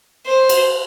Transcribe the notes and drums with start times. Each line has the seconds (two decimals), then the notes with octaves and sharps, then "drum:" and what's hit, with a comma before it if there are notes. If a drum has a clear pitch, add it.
0.27 C5
0.49 drum: cymbal